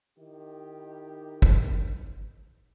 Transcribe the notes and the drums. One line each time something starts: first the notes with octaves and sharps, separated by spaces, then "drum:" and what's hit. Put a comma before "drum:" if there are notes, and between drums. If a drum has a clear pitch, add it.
D#3 D#4 E4 G4
drum: kick